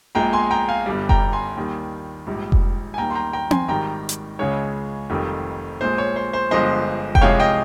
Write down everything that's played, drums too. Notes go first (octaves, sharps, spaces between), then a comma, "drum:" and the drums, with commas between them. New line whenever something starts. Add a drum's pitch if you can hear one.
A#1 A#2 G#3 G5 A#5
G#5 C6
G5 A#5
F5 G#5
G1 G2 G3
G5 A#5, drum: kick F1
G#5 C6
D#2 D#3 G3
A#1 G#2 G3
drum: kick F1
G#5
D#2 D#3 G3 G5 A#5
C6
G5 A#5
G5 A#5
G#5 C6, drum: tom C4
G#1 G#2 D#3 G3 G5 A#5
drum: hi-hat
C#2 C#3 G#3 C#5
F1 F2 D#3 G3
A#1 A#2 G#3 C5
C#5
C5
C5
G1 G2 F3 G#3 C5 D#5
G5, drum: kick F1
C2 C3 F3 G#3 C#5 F5
D#5 G5